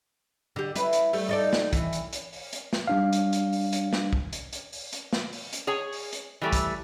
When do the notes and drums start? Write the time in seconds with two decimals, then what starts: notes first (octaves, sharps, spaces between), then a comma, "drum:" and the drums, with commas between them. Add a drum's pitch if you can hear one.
0.56 D3 G4
0.76 E4 B4, drum: hi-hat
0.93 drum: hi-hat
1.13 G3 A3, drum: open hi-hat
1.29 D#4 A4 D5
1.53 drum: snare
1.73 E3, drum: kick, hi-hat
1.93 drum: hi-hat
2.13 drum: hi-hat
2.33 drum: open hi-hat
2.53 drum: hi-hat
2.73 drum: snare
2.87 G3 D4 F5
3.13 drum: hi-hat
3.33 drum: hi-hat
3.53 drum: open hi-hat
3.73 drum: hi-hat
3.93 drum: snare
4.13 drum: kick
4.33 drum: hi-hat
4.53 drum: hi-hat
4.73 drum: open hi-hat
4.93 drum: hi-hat
5.13 drum: snare
5.33 drum: open hi-hat
5.53 drum: hi-hat
5.67 G#4 C#5 G#5
5.93 drum: open hi-hat
6.13 drum: hi-hat
6.41 E3 G3 A3
6.53 drum: kick, hi-hat